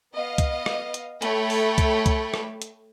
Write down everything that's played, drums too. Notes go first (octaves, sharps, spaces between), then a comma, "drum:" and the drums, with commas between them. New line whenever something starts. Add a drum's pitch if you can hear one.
B3 D#5 F5
drum: kick C2, hi-hat
drum: rim click
drum: hi-hat
A3 C#5 G5 B5, drum: hi-hat
drum: open hi-hat
drum: kick C2, hi-hat
drum: kick C2, hi-hat
drum: rim click
drum: hi-hat